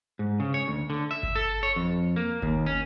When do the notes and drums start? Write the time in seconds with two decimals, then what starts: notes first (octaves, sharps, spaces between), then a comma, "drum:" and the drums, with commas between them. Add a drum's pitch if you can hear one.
0.19 G#2
0.40 C#3
0.54 C#5
0.68 D2
0.90 D3
1.11 E5
1.23 drum: kick G1
1.36 A4
1.63 C#5
1.76 F2
2.16 A#3
2.42 D#2, drum: kick G1
2.66 C#4